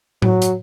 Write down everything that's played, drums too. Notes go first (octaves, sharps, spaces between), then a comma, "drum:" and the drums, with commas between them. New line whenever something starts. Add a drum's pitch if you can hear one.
F#3, drum: tom A2
drum: hi-hat